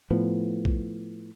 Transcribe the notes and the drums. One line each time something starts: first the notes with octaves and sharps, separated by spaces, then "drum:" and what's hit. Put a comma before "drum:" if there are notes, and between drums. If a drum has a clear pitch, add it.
A2 F3 B3
drum: kick